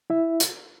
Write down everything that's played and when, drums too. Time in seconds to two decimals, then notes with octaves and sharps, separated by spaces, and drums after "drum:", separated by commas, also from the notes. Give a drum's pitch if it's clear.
0.10 E4 E5
0.40 drum: hi-hat